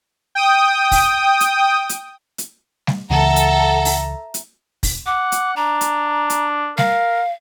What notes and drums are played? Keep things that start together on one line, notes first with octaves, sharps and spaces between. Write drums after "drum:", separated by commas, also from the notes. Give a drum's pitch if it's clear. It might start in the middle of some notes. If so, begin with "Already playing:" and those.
G5 D#6
drum: kick, open hi-hat
drum: hi-hat
drum: hi-hat
drum: hi-hat
drum: snare G3
C#2 C#3 E3 A4 E5 F#5 A#5
drum: hi-hat
drum: open hi-hat
drum: hi-hat
drum: kick, open hi-hat
F#5 D6
drum: hi-hat
D4 A#5
drum: hi-hat
drum: hi-hat
A#4 F5, drum: snare G3